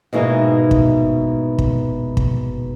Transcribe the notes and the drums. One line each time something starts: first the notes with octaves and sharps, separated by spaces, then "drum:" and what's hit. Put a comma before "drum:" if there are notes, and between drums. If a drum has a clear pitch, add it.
G#2 B2 E3 A#3 D#4
drum: kick
drum: kick
drum: kick